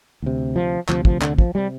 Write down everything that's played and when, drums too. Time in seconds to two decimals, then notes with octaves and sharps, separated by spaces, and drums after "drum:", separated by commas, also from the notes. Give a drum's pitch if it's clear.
0.22 D2 C3
0.56 F3
0.89 D2 C3 F3, drum: clap
1.05 F3, drum: kick
1.22 D3, drum: clap
1.38 F3, drum: kick
1.55 C3 G3